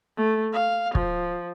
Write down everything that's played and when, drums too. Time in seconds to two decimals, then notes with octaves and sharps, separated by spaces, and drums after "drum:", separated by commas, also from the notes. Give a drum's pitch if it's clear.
0.17 A3
0.53 F5
0.95 F3, drum: kick